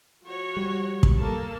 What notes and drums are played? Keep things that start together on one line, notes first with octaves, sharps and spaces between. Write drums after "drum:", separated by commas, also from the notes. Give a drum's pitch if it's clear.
F3 F#4 C#5
G3
drum: kick
A#3 A4 A5